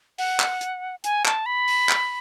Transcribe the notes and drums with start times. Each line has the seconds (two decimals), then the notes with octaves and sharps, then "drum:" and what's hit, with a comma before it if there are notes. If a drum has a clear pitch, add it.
0.18 F#5, drum: open hi-hat
0.40 drum: clap
0.61 drum: hi-hat
1.04 G#5, drum: hi-hat
1.25 A5, drum: clap
1.46 B5
1.68 drum: open hi-hat
1.89 drum: clap